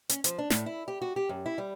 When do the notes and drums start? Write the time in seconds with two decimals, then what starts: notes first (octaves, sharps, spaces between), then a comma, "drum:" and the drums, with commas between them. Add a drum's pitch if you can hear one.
0.09 C#4, drum: hi-hat
0.24 F3, drum: hi-hat
0.38 D4
0.50 A2, drum: snare
0.66 E4
0.88 G4
1.02 F#4
1.16 G4
1.29 F#2
1.46 E4
1.58 G3